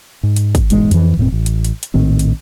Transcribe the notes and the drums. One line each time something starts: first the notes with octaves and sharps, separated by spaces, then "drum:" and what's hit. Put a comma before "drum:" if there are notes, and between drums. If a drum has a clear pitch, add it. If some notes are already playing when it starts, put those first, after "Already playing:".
G#2
drum: hi-hat
drum: kick, hi-hat
E1 E2 G#2 G#3, drum: hi-hat
F2 E3, drum: hi-hat
E1 A2 G#3 C4
A1
drum: hi-hat
drum: hi-hat
drum: hi-hat
A#1 A2 D#3 C4
drum: hi-hat